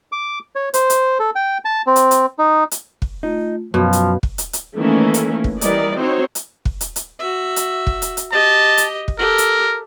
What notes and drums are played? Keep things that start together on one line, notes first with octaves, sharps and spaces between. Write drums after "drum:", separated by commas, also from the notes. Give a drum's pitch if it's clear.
D6
C#5
C5, drum: hi-hat
drum: hi-hat
A4
G5
A5
C4
drum: hi-hat
drum: hi-hat
D#4
drum: hi-hat
drum: kick
A3 D#4 F4
F#2 B2 F3 F5 B5
drum: hi-hat
drum: kick
drum: hi-hat
drum: hi-hat
D#3 E3 A3 A#3 C#4 E4
drum: hi-hat
drum: kick
E3 G3 A#4 D5 D#5, drum: hi-hat
C4 D#4 F#4 C5 C#5
drum: hi-hat
drum: kick
drum: hi-hat
drum: hi-hat
F#4 E5
drum: hi-hat
drum: kick
drum: hi-hat
drum: hi-hat
G4 D#5 A5
drum: hi-hat
drum: kick
G4 A4 A#4
drum: hi-hat